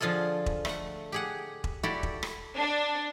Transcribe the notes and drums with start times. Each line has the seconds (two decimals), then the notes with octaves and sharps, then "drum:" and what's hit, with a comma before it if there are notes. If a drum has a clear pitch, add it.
0.01 D3 F3 F4 G#4 A4
0.46 drum: kick E1
0.65 A3 F#5, drum: rim click
1.12 G4 G#4 F#5
1.64 drum: kick E1
1.83 E4 F#4 G4 A4 D5
2.03 drum: kick E1
2.23 drum: rim click
2.57 D4